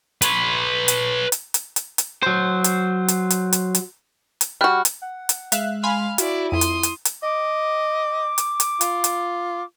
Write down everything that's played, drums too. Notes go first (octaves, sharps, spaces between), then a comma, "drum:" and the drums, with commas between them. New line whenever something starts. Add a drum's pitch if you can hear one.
B4 C#5, drum: hi-hat
drum: hi-hat
drum: hi-hat
drum: hi-hat
drum: hi-hat
drum: hi-hat
F#3 C5
drum: hi-hat
drum: hi-hat
drum: hi-hat
drum: hi-hat
drum: hi-hat
drum: hi-hat
G3 F#4 B5 F6 F#6
drum: hi-hat
F#5
drum: hi-hat
G#3 E5 F5 F#6, drum: hi-hat
F5 G#5 B5 C6
E4 F#4 D5, drum: hi-hat
F2 E4 C6 D#6
drum: hi-hat
drum: hi-hat
drum: hi-hat
D#5 D6
drum: hi-hat
drum: hi-hat
F4, drum: hi-hat
drum: hi-hat